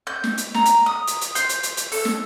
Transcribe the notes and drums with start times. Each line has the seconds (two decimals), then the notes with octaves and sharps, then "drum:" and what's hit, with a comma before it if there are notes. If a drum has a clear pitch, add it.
0.07 G6
0.24 drum: snare
0.38 drum: hi-hat
0.54 A#5, drum: snare
0.65 drum: hi-hat
0.86 D#6
1.07 drum: hi-hat
1.21 drum: hi-hat
1.35 C5, drum: hi-hat
1.49 drum: hi-hat
1.63 drum: hi-hat
1.77 drum: hi-hat
1.92 A4, drum: open hi-hat
2.05 drum: snare